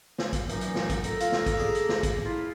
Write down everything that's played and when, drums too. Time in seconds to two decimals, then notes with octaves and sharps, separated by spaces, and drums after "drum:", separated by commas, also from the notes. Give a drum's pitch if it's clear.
0.18 drum: snare
0.33 drum: kick, hi-hat
0.49 F#2 A#2 E3 D#4, drum: hi-hat
0.61 drum: hi-hat
0.75 drum: snare
0.89 drum: kick, hi-hat
1.04 A4 A#5, drum: hi-hat
1.20 F4, drum: hi-hat
1.32 drum: snare
1.46 drum: kick, hi-hat
1.57 D4 G#4
1.75 drum: hi-hat
1.89 drum: snare
2.03 drum: kick, hi-hat
2.24 E4 F4